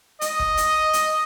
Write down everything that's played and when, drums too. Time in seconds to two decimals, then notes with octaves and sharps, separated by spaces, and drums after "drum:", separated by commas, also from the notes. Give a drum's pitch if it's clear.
0.21 D#5, drum: hi-hat
0.39 drum: kick
0.57 drum: hi-hat
0.93 drum: hi-hat